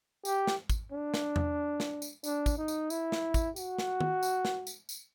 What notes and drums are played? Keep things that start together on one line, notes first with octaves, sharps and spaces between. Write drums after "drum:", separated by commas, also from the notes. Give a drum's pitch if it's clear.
G4, drum: tambourine
drum: snare
drum: kick, tambourine
D4
drum: snare
drum: tom E2
drum: snare
drum: tambourine
D4, drum: tambourine
drum: kick, tambourine
D#4
drum: tambourine
E4, drum: tambourine
drum: snare
drum: kick, tambourine
F#4, drum: tambourine
drum: snare
drum: tom D#3
drum: tambourine
drum: snare
drum: tambourine
drum: tambourine